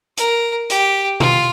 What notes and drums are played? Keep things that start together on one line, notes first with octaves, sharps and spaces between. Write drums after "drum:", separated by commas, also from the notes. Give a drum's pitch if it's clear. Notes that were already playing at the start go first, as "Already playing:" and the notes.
A#4, drum: hi-hat
G4, drum: hi-hat
F4, drum: tom B2